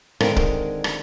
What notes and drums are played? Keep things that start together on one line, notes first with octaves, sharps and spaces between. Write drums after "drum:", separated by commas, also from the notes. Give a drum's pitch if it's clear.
D3 D#3 G#3 C4 A#4 F5, drum: rim click
drum: kick
drum: rim click